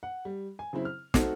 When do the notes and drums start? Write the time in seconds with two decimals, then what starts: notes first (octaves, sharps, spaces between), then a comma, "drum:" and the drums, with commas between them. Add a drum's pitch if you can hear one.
0.03 F#5
0.25 G3
0.59 G#5
0.73 C#3 F#3 C4 E4
0.85 F6
1.14 A3 C4 D#4 F#4 A4, drum: snare